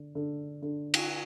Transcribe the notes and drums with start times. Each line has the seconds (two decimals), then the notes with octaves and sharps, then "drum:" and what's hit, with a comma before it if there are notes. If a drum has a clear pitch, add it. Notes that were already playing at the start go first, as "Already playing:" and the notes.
Already playing: D3
0.15 D3
0.62 D3
0.94 drum: cymbal